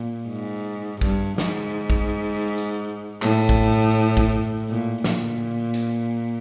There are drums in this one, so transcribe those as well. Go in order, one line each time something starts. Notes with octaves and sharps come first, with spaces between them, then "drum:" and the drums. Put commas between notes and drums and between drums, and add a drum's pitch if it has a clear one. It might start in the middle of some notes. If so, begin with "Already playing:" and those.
Already playing: A#2
G#2
G2, drum: kick A1
G#2, drum: snare
drum: kick A1
drum: tambourine
A2, drum: clap
drum: kick A1
drum: kick A1
A#2
A#2, drum: snare
drum: hi-hat